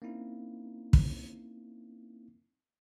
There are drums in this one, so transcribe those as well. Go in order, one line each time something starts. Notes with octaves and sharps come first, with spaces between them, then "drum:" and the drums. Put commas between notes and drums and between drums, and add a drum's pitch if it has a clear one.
A#3 C4 C#4 D#4 E4
drum: kick